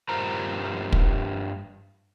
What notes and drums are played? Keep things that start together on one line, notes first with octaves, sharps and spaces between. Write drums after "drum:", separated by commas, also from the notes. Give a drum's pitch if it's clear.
G2 G3 F4 A#4 C5 A#5
drum: kick